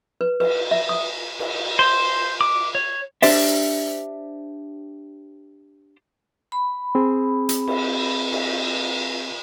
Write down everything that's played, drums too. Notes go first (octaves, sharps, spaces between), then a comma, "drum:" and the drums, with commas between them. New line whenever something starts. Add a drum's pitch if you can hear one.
B4
B4, drum: cymbal
E5
D#6
drum: cymbal
C5
D6
C#5
D4 G4 C5 D5 E5, drum: open hi-hat
B5
C4 G#4
drum: hi-hat
drum: cymbal
drum: cymbal